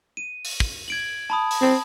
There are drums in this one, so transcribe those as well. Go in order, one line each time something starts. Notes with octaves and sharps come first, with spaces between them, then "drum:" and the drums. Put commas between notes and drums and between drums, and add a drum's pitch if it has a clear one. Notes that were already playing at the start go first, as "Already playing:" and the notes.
D#7
drum: open hi-hat
drum: kick
G#6 D7 F#7
A5 B5 D#6
drum: open hi-hat
C4